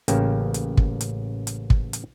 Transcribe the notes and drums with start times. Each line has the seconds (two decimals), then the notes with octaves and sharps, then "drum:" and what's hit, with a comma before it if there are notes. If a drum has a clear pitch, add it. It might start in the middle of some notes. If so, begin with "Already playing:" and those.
0.08 A1 C#3 A#3 G5 A5, drum: hi-hat
0.54 drum: hi-hat
0.77 drum: kick
1.01 drum: hi-hat
1.47 drum: hi-hat
1.70 drum: kick
1.93 drum: hi-hat